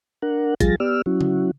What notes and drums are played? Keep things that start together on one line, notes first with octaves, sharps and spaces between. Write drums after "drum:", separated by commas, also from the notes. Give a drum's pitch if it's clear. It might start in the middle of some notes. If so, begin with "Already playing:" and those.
D4 A#4 F#5
F3 G3 F4 G#4 A6 A#6, drum: kick, hi-hat
B3 G4 D5 E6 F6
F#3 C#4 E4 F#4
drum: tom C#3